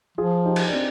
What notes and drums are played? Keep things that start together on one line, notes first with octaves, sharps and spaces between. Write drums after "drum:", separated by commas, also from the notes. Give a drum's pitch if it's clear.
F3 F4 G#4
D#4 G4
drum: cymbal
D4
C4